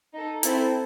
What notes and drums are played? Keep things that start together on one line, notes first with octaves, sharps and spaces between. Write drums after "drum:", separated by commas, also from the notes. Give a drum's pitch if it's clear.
D#4 A4
C4 E4 A4, drum: hi-hat